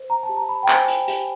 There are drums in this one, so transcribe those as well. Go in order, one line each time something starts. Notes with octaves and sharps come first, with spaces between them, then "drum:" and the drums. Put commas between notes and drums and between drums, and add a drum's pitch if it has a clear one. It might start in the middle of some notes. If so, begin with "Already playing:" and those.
Already playing: C5
A#5
A5
G4
A#5
B5
G5
C5 G#5, drum: clap
drum: hi-hat
G4, drum: hi-hat